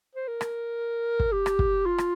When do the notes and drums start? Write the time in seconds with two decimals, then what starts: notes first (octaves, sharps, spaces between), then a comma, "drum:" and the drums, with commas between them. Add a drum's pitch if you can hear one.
0.15 C5
0.28 A#4
0.41 drum: rim click
1.20 drum: kick
1.32 G4
1.46 drum: rim click
1.59 drum: kick
1.86 F4
1.98 drum: rim click